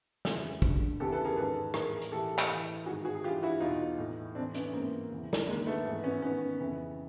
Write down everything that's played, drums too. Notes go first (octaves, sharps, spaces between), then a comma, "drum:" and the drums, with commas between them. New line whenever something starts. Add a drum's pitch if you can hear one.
F2 C#3 E3 F#4 G#4, drum: snare
G2 D3, drum: kick
E2 C#3 E3 G4 A4
A4 B4
G#4 A#4
G#2 D#3 A4 B4
A2 E3 G#4 A#4, drum: rim click
drum: hi-hat
A2 E3 G4 A4
drum: clap
A2 E3
G#2 D#3 F#4 G#4
F#4 G#4
G#4
G2 E3 F4 G4
E4 F#4
E2 B2 D#4 F4
A2 E3
A2 E3 C4 D4
B3 C#4, drum: hi-hat
G#2 E3 A#3 C4
E2 C#3 E3
drum: snare
G2 D#3 G#3 A#3
A3 B3
G#2 E3
B3 C#4
G#2 D#3 B3 C#4
F2 C#3 E3